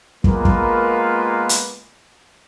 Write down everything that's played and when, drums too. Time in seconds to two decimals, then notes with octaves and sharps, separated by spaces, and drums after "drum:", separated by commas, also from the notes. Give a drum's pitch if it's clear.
0.24 G#3 A#3 B3 F4 A#4 B4, drum: kick
0.45 drum: kick
1.49 drum: hi-hat